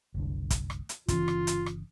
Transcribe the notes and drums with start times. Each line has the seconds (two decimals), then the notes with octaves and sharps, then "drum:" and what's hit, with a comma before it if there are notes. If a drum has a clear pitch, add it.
0.14 F#1 C2 D3
0.50 drum: kick, hi-hat
0.70 drum: rim click
0.89 drum: hi-hat
1.08 G1 C#3 E3 F4, drum: kick, hi-hat
1.28 drum: rim click
1.47 drum: hi-hat
1.66 drum: rim click